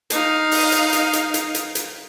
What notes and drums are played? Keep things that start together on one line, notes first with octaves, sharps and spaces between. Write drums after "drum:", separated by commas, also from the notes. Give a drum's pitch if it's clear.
D#4 F5, drum: hi-hat
drum: open hi-hat
drum: hi-hat
drum: hi-hat
drum: hi-hat
drum: hi-hat
drum: hi-hat
drum: hi-hat